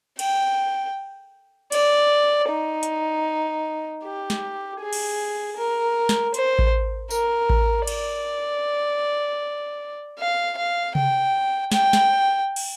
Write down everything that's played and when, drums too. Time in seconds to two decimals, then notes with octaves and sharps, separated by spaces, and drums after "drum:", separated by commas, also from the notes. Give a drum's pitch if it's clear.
0.19 G5, drum: cymbal
1.72 D5, drum: cymbal
2.50 D#4
2.83 drum: hi-hat
4.04 G4
4.30 drum: snare
4.80 G#4
4.93 drum: cymbal
5.57 A#4
6.09 drum: snare
6.34 C5, drum: hi-hat
6.59 drum: kick A1
7.11 A#4, drum: tambourine
7.50 drum: kick A1
7.87 D5, drum: cymbal
10.19 F5
10.57 F5
10.95 G5, drum: tom C3
11.72 G5, drum: snare
11.93 drum: snare
12.56 drum: cymbal